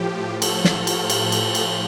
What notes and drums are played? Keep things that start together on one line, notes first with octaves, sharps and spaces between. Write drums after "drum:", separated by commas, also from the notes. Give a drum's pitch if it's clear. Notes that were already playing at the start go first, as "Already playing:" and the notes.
Already playing: A2 F3 G4
A4, drum: cymbal
drum: snare
drum: cymbal
drum: cymbal
drum: cymbal
drum: cymbal